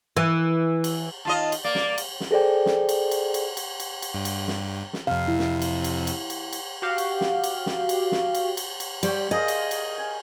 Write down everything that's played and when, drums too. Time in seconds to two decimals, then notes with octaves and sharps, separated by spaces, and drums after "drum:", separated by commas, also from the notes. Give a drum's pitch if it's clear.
0.17 E3
0.84 drum: cymbal
1.25 D#2 F4 D#5 A5
1.52 drum: cymbal
1.64 A#3 D5
1.75 drum: snare
1.98 drum: cymbal
2.20 drum: snare
2.31 G#4 A4 C5 D5 G5
2.66 drum: snare
2.89 drum: cymbal
3.11 drum: cymbal
3.34 drum: cymbal
3.57 drum: cymbal
3.80 drum: cymbal
4.02 drum: cymbal
4.14 G2
4.25 drum: cymbal
4.48 drum: snare
4.93 drum: snare
5.07 F2 C3 F5
5.28 E4
5.39 drum: snare
5.62 drum: cymbal
5.84 drum: cymbal
6.07 drum: cymbal
6.30 drum: cymbal
6.53 drum: cymbal
6.82 F#4 G4 F5
6.98 drum: cymbal
7.21 drum: snare
7.44 drum: cymbal
7.66 drum: snare
7.89 drum: cymbal
8.12 drum: snare
8.35 drum: cymbal
8.57 drum: cymbal
8.80 drum: cymbal
9.03 G3 C5 C#5, drum: cymbal
9.31 G#4 A#4 D#5 F5
9.48 drum: cymbal
9.71 drum: cymbal
9.98 G#5